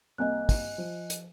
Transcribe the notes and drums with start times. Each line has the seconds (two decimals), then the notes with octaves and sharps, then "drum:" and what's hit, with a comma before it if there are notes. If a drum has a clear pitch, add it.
0.18 C2 A#3 D#5 G#5 F#6
0.49 drum: kick, open hi-hat
0.78 F3
1.10 drum: hi-hat